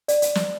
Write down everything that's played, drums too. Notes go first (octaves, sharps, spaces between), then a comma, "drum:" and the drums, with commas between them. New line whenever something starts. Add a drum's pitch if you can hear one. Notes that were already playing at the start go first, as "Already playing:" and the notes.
D5, drum: hi-hat
drum: hi-hat
drum: snare